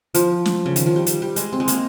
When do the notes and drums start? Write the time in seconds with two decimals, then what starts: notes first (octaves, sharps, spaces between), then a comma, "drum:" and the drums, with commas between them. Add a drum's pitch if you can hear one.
0.14 F3, drum: hi-hat
0.46 drum: snare
0.66 C#3
0.76 D#3, drum: hi-hat
0.86 F3
0.96 G3
1.06 G3, drum: hi-hat
1.22 G3
1.36 G#3, drum: hi-hat
1.52 C4
1.60 G#3
1.68 A#3, drum: hi-hat